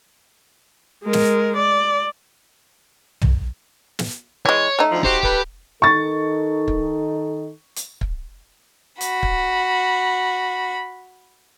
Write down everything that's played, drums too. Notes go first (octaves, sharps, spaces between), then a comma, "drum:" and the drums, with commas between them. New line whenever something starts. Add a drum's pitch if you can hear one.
G#3 A#4
drum: snare
D5
drum: tom
drum: snare
E3 G#3 C#5
A3 D#4
D2 D3 F3
F#4 G4 C5, drum: kick
A4 B4, drum: kick
D#3 D#4 A4 C#6 A6
drum: kick
drum: hi-hat
drum: kick
F#4 B5, drum: hi-hat
drum: kick